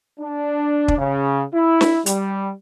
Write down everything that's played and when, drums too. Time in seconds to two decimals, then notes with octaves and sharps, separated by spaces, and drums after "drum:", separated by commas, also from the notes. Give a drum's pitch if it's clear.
0.20 D4
0.88 drum: kick
0.98 C#3
1.54 E4
1.81 drum: snare
2.06 G3, drum: hi-hat